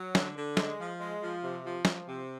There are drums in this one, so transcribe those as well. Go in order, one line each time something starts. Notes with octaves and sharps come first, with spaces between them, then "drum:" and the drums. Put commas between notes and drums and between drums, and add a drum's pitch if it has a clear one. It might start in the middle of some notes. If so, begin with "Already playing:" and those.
Already playing: F#3
D3, drum: snare
D3
G#3, drum: snare
F3
G#3
F3
C3
F3
F3, drum: snare
C3